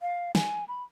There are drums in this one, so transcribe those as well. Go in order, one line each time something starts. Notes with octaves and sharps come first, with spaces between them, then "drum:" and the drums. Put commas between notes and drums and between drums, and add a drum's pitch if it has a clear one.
F5
G#5, drum: snare
B5